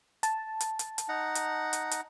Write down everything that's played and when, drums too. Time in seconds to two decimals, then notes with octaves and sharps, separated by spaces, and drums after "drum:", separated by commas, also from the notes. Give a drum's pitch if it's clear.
0.23 A5, drum: hi-hat
0.60 drum: hi-hat
0.79 drum: hi-hat
0.98 drum: hi-hat
1.09 D#4 F#5 A#5
1.35 drum: hi-hat
1.73 drum: hi-hat
1.91 drum: hi-hat